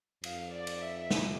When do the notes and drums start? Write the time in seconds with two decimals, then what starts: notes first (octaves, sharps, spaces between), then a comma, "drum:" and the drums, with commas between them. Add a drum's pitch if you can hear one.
0.24 F2 F5, drum: cymbal
0.52 D5
0.67 drum: cymbal
0.81 E5
1.11 drum: snare